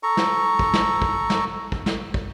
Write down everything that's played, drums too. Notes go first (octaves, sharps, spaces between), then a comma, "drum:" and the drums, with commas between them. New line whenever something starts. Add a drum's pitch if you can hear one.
A4 A#5 C#6
drum: snare
drum: kick
drum: snare
drum: kick
drum: snare
drum: kick
drum: snare
drum: kick